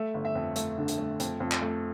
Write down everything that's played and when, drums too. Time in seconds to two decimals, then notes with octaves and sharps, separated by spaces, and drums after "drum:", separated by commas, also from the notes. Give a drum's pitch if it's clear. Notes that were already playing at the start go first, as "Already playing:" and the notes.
Already playing: A3 E5
0.14 G1
0.25 E5
0.35 F2
0.56 A3, drum: hi-hat
0.78 D3
0.88 drum: hi-hat
0.98 A3
1.20 F2, drum: hi-hat
1.40 F2
1.52 drum: clap
1.62 A3